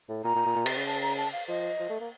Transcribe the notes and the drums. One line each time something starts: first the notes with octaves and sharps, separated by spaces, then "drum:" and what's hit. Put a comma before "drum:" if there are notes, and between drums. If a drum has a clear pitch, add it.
A2
A#2 A#5
A#2
A#2
A#2
C3, drum: cymbal
C#3
A5
A#5
A5
F5
F3 D#5
F3
A3
A#3